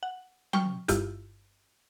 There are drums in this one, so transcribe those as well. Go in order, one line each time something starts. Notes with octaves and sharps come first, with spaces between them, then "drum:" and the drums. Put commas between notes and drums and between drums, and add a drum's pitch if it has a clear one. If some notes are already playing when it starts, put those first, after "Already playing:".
F#5
G5 C#6 F6, drum: tom F#3
G1 G2 E4 F4 G4, drum: hi-hat